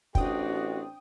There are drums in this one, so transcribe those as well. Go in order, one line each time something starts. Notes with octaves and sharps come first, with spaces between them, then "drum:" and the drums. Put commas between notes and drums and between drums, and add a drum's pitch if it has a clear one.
A1 C4 D4 F#4 G5 D#6, drum: kick